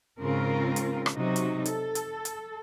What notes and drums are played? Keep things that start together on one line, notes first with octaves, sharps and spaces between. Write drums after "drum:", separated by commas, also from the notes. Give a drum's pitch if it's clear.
G#2 C#3 C4 F4 A#4
drum: hi-hat
drum: rim click
C3 F#3 D#4 F#4
drum: hi-hat
A4, drum: hi-hat
drum: hi-hat
drum: hi-hat